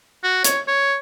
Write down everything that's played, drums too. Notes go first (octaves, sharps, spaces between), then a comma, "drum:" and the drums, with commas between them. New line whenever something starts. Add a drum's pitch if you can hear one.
F#4
C#5, drum: hi-hat
C#5